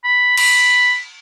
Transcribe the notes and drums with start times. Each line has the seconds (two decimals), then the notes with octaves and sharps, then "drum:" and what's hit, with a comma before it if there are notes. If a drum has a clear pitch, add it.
0.04 B5
0.37 B5, drum: cymbal